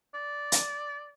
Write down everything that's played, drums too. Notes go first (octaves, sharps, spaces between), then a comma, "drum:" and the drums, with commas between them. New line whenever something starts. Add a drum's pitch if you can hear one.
D5
drum: hi-hat